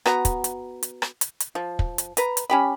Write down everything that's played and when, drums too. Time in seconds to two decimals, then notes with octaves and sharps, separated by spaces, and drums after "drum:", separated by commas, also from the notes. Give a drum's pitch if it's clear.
0.06 B3 F#4 A#5, drum: rim click
0.25 drum: kick, hi-hat
0.44 drum: hi-hat
0.83 drum: hi-hat
1.02 drum: rim click
1.21 drum: hi-hat
1.40 drum: hi-hat
1.55 F3
1.79 drum: kick
1.98 drum: hi-hat
2.17 B4 A#5, drum: hi-hat
2.37 drum: hi-hat
2.50 C#4 G4 B5